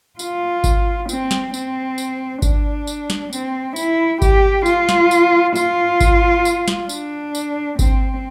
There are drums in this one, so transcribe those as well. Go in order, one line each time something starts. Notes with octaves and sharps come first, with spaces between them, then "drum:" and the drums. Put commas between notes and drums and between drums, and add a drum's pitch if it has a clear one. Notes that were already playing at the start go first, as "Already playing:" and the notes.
F4, drum: tambourine
drum: kick G#1, tambourine
C4, drum: tambourine
drum: snare
C4, drum: tambourine
drum: tambourine
D4, drum: kick G#1, tambourine
drum: tambourine
drum: snare
C4, drum: tambourine
E4, drum: tambourine
G4, drum: kick G#1, tambourine
F4, drum: tambourine
drum: snare
drum: tambourine
F4, drum: tambourine
drum: kick G#1, tambourine
drum: tambourine
drum: snare
D4, drum: tambourine
drum: tambourine
C4, drum: kick G#1, tambourine